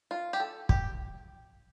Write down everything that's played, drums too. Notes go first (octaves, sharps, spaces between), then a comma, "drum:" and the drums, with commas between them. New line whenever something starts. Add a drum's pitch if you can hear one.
F4
G4
A4
G4, drum: kick